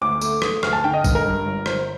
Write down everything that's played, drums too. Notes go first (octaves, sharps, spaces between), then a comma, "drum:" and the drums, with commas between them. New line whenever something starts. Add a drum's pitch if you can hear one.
D2 D6
A3, drum: tambourine
A3 D#6, drum: rim click
D2 F6, drum: rim click
A5
D3 G5
D#5
G2, drum: kick A1, tambourine
A#4
G3
G1
G1 C5, drum: rim click